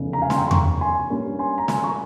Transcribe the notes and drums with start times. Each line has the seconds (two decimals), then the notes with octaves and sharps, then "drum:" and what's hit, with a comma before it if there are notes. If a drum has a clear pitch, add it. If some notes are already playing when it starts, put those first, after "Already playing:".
Already playing: F1 E2 C#3
0.13 A#5
0.22 F5 G#5
0.30 C6, drum: snare
0.36 G5 A#5
0.47 C6
0.51 A#5 C#6, drum: tom E2
0.81 G#5 C6
1.10 G2 G3 A#3 C#4
1.39 G#5 C6
1.58 A#5
1.68 G#5 C6, drum: snare
1.84 A#5 C#6